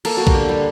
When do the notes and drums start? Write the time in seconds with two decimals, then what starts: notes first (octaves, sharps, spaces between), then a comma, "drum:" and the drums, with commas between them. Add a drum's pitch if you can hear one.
0.05 A#3 A4, drum: cymbal
0.17 A#3 F#4
0.27 G4, drum: kick B1
0.34 D3
0.49 G3